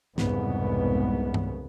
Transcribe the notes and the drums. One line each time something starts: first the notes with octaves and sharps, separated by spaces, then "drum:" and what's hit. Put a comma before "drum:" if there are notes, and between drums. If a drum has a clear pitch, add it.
C2 F2 G#2 C#3 B3, drum: snare
drum: tom G2